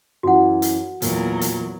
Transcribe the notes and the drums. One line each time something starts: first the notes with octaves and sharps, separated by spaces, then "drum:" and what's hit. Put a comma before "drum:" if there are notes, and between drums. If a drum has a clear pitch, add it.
F#2 E3 F#4 F#5
drum: hi-hat
E2 A#2 F#3 A#4, drum: hi-hat
drum: hi-hat